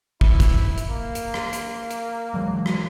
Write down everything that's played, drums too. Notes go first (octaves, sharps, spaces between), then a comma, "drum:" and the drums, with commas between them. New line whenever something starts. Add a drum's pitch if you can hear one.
E4, drum: kick
drum: kick, hi-hat
drum: hi-hat
A#3
drum: hi-hat
drum: rim click
drum: hi-hat
drum: hi-hat
E3 F#3 G#3
drum: rim click